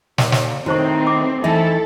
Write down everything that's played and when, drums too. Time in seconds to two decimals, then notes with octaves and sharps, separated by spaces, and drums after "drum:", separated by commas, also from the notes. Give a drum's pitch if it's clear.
0.18 D#2 D5, drum: snare
0.32 drum: snare
0.66 A2 D#3 C4 D#4 F#4 C5 C#6
1.07 D6
1.44 E3 A3 C4 D#4 E4 A4 E5